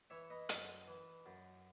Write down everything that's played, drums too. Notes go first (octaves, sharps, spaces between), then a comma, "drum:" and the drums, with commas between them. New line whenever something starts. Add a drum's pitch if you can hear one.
E3 C#5 E5
B4 D#5
F#2, drum: hi-hat
E3
F#2